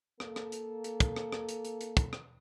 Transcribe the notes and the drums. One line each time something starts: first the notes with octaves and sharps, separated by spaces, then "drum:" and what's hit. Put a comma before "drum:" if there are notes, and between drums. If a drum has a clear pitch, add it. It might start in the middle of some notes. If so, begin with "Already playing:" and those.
A#3 A4, drum: rim click
drum: rim click
drum: hi-hat
drum: hi-hat
drum: kick, hi-hat
drum: rim click
drum: rim click
drum: hi-hat
drum: hi-hat
drum: hi-hat
drum: kick, hi-hat
drum: rim click